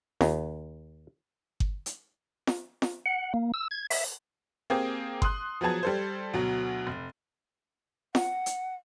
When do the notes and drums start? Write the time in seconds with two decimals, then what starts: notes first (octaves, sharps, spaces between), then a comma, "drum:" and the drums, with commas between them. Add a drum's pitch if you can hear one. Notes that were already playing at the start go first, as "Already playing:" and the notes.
0.21 D#2, drum: snare F4
1.60 drum: kick G1
1.86 drum: hi-hat
2.47 drum: snare F4
2.82 drum: snare F4
3.06 F#5
3.34 A#3
3.54 E6
3.71 G#6
3.90 E5, drum: open hi-hat
4.70 A#3 C4 G4 G#4
5.22 C6 D#6 F#6, drum: kick G1
5.61 F3 F#3 B3 G#4 A5 G#6
5.83 G3 A4 C5
6.34 D2 B2 F#3
6.87 F1
8.15 F#5, drum: snare F4
8.46 drum: hi-hat